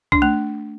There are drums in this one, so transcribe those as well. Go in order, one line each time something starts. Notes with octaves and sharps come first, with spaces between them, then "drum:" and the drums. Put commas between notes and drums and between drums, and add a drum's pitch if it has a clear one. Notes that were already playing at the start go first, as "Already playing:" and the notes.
D4, drum: kick
A3